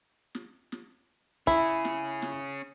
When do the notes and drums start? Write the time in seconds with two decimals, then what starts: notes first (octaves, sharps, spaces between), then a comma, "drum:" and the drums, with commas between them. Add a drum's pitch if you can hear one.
0.35 drum: snare
0.72 drum: snare
1.47 C#4 E4 G#4 B5, drum: kick, hi-hat
1.85 drum: snare
2.22 drum: snare